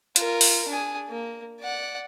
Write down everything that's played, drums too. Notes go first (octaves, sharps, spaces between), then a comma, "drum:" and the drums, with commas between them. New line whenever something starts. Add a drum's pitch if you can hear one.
F4 A#4, drum: hi-hat
drum: open hi-hat
D4 G#4
A#3
D5 F#5